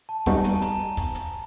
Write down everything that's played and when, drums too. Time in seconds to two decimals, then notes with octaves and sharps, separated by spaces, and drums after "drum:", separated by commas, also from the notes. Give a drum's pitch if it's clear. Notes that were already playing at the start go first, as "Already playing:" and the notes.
0.09 A5
0.26 G3 B3 D#4 F#4 G#5, drum: kick, hi-hat
0.44 A5, drum: hi-hat
0.62 A#5, drum: hi-hat
0.97 drum: kick, hi-hat
1.15 drum: hi-hat